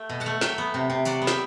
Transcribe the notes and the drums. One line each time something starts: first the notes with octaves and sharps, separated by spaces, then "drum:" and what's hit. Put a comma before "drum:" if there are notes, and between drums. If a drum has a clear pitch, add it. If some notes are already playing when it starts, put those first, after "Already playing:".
Already playing: A3 G5
B2
F#5 A5
A3
F#3 E5 G5, drum: snare
B3
C3
C3
F#3 D5 F#5, drum: tambourine
B3
E5 G5, drum: snare